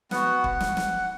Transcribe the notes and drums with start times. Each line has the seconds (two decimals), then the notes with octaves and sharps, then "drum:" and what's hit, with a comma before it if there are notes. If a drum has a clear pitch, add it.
0.11 B3 F#4 F#5, drum: snare
0.44 drum: kick
0.60 drum: snare
0.77 drum: snare